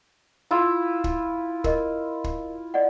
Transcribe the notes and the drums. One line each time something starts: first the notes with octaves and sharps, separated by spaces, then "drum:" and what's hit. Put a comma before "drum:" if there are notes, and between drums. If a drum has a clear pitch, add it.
E4 F4 E5
drum: kick
A#4 D#5, drum: kick
drum: kick
D5 D#5 F#5